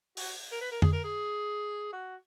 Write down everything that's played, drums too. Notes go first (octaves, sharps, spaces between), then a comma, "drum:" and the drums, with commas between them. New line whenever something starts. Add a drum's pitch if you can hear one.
F#4, drum: open hi-hat
A#4
B4
A#4
G#4, drum: tom
A#4
G#4
F#4